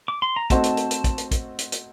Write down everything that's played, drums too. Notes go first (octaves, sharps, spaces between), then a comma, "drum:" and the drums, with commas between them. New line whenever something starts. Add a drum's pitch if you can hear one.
D6
C6
A#5
A3 C4 D#4 F#4 C5 A5, drum: kick, hi-hat
drum: hi-hat
drum: hi-hat
drum: hi-hat
drum: kick, hi-hat
drum: hi-hat
drum: kick, hi-hat
drum: hi-hat
drum: hi-hat